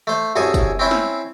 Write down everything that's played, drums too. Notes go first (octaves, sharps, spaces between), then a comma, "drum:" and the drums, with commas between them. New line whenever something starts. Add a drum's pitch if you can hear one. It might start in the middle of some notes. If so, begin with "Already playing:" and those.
A3 C5
C2 F#2 G#4 A4 G#5 C#6
drum: kick, tambourine
C4 C#4 E4 C5
drum: snare